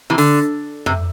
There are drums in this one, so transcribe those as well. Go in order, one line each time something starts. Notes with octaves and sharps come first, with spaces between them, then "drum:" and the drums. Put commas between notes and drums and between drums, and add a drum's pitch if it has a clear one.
C3 E3
D3, drum: open hi-hat
C3, drum: tom F2